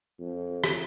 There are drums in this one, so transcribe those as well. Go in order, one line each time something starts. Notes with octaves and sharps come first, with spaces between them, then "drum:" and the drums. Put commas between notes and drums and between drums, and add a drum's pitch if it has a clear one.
F2
drum: rim click